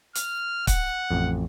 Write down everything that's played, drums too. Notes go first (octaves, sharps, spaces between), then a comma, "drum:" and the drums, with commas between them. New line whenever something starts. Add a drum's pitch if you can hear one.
F6, drum: hi-hat
F#5, drum: kick, hi-hat
A1 F2